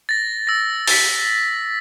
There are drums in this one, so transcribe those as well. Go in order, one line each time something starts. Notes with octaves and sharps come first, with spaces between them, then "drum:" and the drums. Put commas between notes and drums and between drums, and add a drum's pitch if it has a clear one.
A6 A#6
E6 A#6
A6 B6, drum: open hi-hat